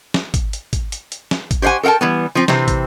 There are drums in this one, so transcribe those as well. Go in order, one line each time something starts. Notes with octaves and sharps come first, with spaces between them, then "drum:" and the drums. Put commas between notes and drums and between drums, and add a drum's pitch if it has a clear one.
drum: snare
drum: kick, hi-hat
drum: hi-hat
drum: kick, hi-hat
drum: hi-hat
drum: hi-hat
drum: snare
drum: kick, hi-hat
G4 C5 C#5 F#5 G#5
A4 A#4 F#5 G5 A5
E3 G3 B3
F3 C4
C3 E3 C4, drum: snare
drum: kick, hi-hat